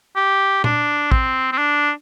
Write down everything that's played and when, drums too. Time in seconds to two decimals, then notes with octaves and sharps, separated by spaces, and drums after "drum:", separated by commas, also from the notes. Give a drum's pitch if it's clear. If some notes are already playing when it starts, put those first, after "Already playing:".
0.16 G4
0.64 D4, drum: tom A#2
1.12 C4, drum: kick A1
1.52 C4
1.58 D4